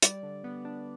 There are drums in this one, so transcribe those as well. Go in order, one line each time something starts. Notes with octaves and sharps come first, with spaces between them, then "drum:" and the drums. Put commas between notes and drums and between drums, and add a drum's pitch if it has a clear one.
G3 D5, drum: hi-hat
D3
B3
D4